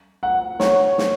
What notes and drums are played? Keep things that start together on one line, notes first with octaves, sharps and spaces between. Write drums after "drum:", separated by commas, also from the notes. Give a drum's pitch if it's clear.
F#5
C#5, drum: snare
drum: snare